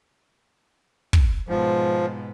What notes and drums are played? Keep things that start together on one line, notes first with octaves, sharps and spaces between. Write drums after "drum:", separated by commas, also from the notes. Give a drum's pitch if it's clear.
drum: kick
G#2 B2 F3 G#3